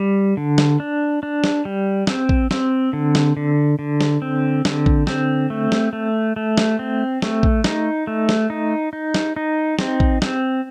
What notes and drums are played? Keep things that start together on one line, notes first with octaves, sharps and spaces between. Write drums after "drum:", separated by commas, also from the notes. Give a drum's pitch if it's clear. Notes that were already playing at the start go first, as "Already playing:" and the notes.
Already playing: G3
D3
drum: snare
D4
D4
drum: snare
G3
C4, drum: snare
drum: kick
C4, drum: snare
D3
drum: snare
D3
D3
drum: snare
C4
D3, drum: snare
drum: kick
C4, drum: snare
A3
drum: snare
A3
A3
drum: snare
C4
A3, drum: snare
drum: kick
D#4, drum: snare
A3
drum: snare
D#4
D#4
drum: snare
D#4
C4, drum: snare
drum: kick
C4, drum: snare